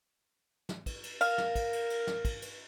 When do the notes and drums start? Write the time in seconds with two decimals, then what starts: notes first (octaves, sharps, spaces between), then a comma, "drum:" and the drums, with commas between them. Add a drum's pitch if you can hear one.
0.69 drum: snare
0.86 drum: kick, cymbal
1.04 drum: cymbal
1.21 A#4 F5, drum: cymbal
1.38 drum: snare
1.55 drum: kick, cymbal
1.73 drum: cymbal
1.90 drum: cymbal
2.07 drum: snare
2.25 drum: kick, cymbal
2.42 drum: cymbal